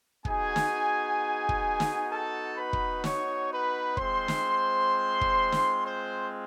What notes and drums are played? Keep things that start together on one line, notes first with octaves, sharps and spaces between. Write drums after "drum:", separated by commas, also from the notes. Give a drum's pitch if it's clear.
B3 D#4 F#4 G#4 G#5, drum: kick
drum: snare
drum: kick
drum: snare
A4 A5
B4 B5
drum: kick
C#5 C#6, drum: snare
B4 B5
G#3 C4 F4 C5 C6, drum: kick
drum: snare
drum: kick
drum: snare
C5 C6